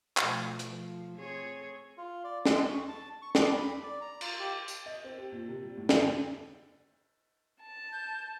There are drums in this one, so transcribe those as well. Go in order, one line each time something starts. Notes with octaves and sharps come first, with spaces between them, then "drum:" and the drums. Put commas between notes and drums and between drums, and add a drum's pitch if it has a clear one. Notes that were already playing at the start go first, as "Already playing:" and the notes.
B2 F3 A3, drum: clap
F3, drum: hi-hat
C4 G#4 C#5
F4
D5
G#3, drum: snare
C#6
A5
C#6
D4, drum: snare
B5
D5
A#5
F4, drum: cymbal
G4
drum: tambourine
D#5
C4
G4
A#2
C3
G3
A2
F#2, drum: snare
C#3
A5
G6